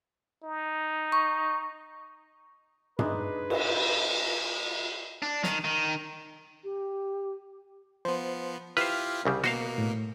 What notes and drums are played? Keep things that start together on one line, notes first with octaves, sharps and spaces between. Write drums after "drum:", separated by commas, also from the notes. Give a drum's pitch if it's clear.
D#4
C#6
G#3 D4 D#4 B4, drum: tom G2
drum: cymbal
D4
D#3, drum: snare
D#3
G4
F3 B3 C5
E4 F4 G4 B4 C5 F6
C2 C#3 G3
B2 A#3 F#4 C5 F5, drum: rim click
A2